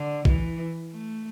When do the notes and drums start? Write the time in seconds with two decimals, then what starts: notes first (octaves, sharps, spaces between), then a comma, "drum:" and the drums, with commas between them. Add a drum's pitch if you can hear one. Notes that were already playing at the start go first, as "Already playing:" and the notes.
Already playing: D3
0.25 E3, drum: kick
0.92 A3